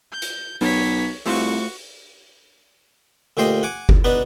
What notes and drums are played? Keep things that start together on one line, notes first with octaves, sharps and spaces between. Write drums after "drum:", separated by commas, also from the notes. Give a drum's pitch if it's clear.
G6
drum: hi-hat
B1 C#5 B6, drum: open hi-hat
C2 A3 F4 F#4 C5 C#6, drum: open hi-hat
D2 A#2 G4 C5 D#5
F#5 G#5 D6
drum: kick F#1
B3 D4 D#4 B4